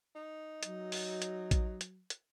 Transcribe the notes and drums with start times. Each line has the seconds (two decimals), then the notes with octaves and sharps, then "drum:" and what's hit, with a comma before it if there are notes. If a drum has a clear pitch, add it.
0.16 D#4
0.63 F#3, drum: hi-hat
0.92 drum: open hi-hat
1.22 drum: hi-hat
1.51 drum: kick A1, hi-hat
1.81 drum: hi-hat
2.10 drum: hi-hat